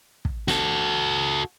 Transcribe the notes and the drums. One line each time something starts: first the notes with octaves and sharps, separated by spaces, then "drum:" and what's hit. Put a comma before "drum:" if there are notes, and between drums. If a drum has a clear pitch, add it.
drum: kick
F#4 A4, drum: snare